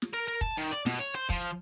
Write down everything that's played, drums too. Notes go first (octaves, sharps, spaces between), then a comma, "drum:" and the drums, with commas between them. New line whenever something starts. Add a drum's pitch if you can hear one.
drum: snare
A#4
A#4
A5, drum: kick
D#3
D5
B2, drum: snare
C#5
C5
F3, drum: kick